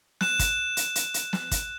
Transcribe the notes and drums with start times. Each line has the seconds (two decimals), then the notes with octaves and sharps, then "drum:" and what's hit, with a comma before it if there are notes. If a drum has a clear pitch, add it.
0.21 F#6 E7, drum: snare
0.39 drum: kick, hi-hat
0.77 drum: hi-hat
0.95 drum: hi-hat
1.14 drum: hi-hat
1.33 drum: snare
1.51 drum: kick, hi-hat